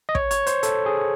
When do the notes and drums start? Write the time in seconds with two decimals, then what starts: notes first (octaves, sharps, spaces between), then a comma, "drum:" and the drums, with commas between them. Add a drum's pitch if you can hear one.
0.09 D#5
0.15 C#5, drum: kick
0.31 C#5, drum: hi-hat
0.47 C5, drum: hi-hat
0.63 A4, drum: hi-hat
0.86 G#4